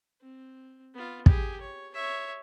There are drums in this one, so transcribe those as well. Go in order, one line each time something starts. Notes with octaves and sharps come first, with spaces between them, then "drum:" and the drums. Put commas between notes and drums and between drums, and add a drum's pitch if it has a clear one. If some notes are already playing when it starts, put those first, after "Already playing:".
C4
B3 F4
G4 G#4, drum: kick
C#5
C#5 E5